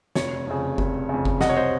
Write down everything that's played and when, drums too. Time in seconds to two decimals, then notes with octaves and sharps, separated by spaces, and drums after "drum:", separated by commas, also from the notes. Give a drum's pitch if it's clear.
0.15 F1 C#5, drum: snare
0.47 F2 C#3
0.78 F1, drum: kick F#1
1.09 F2 C#3
1.25 drum: kick F#1
1.41 C2 D#5 F#5, drum: snare
1.49 C#5
1.57 C5 D#5